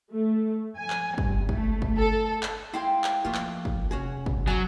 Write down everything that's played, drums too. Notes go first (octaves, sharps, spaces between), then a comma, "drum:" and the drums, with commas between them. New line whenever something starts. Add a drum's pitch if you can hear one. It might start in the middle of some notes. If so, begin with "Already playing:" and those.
A3
G#5
drum: clap
G2, drum: kick
A3, drum: kick
drum: kick
A4
drum: clap
G#3 E4 F5 G5 C6
drum: clap
F3 A3 A#3 F4
drum: clap
drum: kick
F1 C#4 F#4 G#4
drum: kick
G#1 F#2 F#3 D5 G#5 C#6